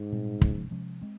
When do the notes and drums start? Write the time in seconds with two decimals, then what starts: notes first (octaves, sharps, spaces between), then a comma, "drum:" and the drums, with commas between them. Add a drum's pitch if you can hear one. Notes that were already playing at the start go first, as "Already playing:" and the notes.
Already playing: G#2
0.12 A#2 G3 C4
0.42 C3 F3 G#3 C#4, drum: kick
0.71 C3 F3 G#3 C#4
1.01 G#3 C4